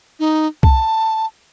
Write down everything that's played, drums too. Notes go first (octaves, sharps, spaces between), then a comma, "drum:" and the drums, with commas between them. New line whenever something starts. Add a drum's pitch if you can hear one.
D#4
A5, drum: kick C2